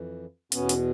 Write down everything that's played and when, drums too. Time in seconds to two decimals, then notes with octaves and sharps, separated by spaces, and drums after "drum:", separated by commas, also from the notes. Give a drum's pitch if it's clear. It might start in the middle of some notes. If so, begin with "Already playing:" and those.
Already playing: F2 E3
0.52 E2 B2 B3 C#4, drum: hi-hat
0.69 drum: hi-hat